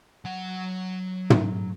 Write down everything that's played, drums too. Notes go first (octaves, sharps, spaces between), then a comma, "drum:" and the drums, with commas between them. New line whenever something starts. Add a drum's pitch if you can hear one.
F#3 F#5
drum: tom